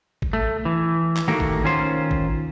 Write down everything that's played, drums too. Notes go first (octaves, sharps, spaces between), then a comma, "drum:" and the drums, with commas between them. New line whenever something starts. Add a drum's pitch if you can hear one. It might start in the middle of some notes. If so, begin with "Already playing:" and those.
drum: kick G#1
A3
E3
drum: clap
D#3 A3 A#3 F#4 G4
drum: kick G#1
D#3 C#4 F4 C5
drum: kick G#1